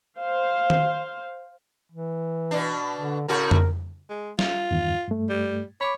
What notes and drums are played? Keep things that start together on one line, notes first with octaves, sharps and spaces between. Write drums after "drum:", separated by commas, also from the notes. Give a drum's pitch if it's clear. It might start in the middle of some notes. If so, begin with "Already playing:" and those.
C5 F5
drum: tom D#3
E3
B2 D4
D3
A2 C#3 F#4 A#4
drum: tom F2
G#3
F4, drum: snare
E2 G2 D#3
G2 A3
G3
C#5 B5 D6